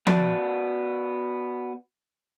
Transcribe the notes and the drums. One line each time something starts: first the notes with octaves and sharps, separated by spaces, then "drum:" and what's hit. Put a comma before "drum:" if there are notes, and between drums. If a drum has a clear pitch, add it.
B3 F#4 D5 A5, drum: tom F3